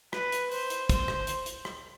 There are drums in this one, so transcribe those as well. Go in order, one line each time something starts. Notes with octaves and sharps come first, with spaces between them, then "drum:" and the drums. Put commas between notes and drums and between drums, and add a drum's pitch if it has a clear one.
B4, drum: rim click
drum: hi-hat
C5, drum: open hi-hat
drum: hi-hat
C5, drum: kick, hi-hat
drum: rim click
drum: hi-hat
drum: hi-hat
drum: rim click